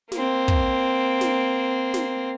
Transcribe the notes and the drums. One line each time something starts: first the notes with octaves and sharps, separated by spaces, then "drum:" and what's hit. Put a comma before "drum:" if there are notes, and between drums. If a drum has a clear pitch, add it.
A#3 C4, drum: snare
drum: kick
drum: snare
drum: snare